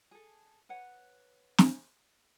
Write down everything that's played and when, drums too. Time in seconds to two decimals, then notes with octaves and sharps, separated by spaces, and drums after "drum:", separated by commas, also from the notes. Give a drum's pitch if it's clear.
0.11 G#4 A4
0.69 B4 C#5 F#5
1.58 drum: snare